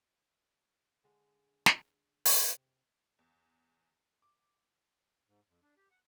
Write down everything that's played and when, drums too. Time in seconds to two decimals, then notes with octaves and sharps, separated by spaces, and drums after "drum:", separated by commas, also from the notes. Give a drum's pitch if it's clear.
1.04 D3 G#3
1.66 drum: snare
2.25 C3, drum: open hi-hat
3.19 E2
4.22 D6
5.28 G#2
5.48 F2
5.62 D4
5.77 G4
5.91 F#5